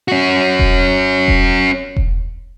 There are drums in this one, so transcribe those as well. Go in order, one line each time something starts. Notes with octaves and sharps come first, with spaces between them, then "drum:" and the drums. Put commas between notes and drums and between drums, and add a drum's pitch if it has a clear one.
C#4 F#4
drum: kick E1
drum: kick E1
drum: kick E1